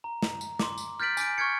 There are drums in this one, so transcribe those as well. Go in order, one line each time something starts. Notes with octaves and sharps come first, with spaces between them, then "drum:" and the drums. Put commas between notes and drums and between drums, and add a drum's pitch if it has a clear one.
A#5
drum: snare
drum: tambourine
C6 D6, drum: snare
drum: tambourine
F6 G6 A6 B6 D7 F#7
G#5 D6 G6 D7, drum: tambourine
C#6 F6 G6 G#6 C#7